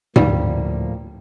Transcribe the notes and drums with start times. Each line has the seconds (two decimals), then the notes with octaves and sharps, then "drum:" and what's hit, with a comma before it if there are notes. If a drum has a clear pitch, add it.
0.16 D2 A2 D3 F3 G3 A#3, drum: tom G#2